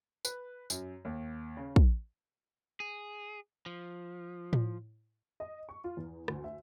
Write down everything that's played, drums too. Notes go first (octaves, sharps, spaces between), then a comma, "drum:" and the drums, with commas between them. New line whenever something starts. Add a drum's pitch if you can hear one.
B4, drum: tambourine
F#2, drum: tambourine
D#2
C#3
drum: kick
G#4
F3
drum: tom A2
D#5
C#6
F4
E2
D2, drum: rim click
E5